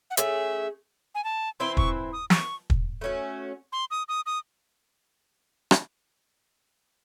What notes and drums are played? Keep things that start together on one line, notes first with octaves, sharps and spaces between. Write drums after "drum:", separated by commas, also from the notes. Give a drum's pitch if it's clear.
F#5
A3 C#4 G#4 E5, drum: hi-hat
G#5
A5
E3 C4 E4 C5 C6
C#6, drum: kick
D#6
C#6, drum: snare
drum: kick
A3 C#4 F#4
C6
D#6
D#6
D#6
drum: rim click